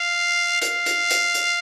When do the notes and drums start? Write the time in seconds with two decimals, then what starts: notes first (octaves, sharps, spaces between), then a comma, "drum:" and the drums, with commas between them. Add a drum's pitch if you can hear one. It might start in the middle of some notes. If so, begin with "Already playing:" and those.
Already playing: F5
0.62 F5, drum: hi-hat
0.86 drum: hi-hat
1.10 drum: hi-hat
1.35 drum: hi-hat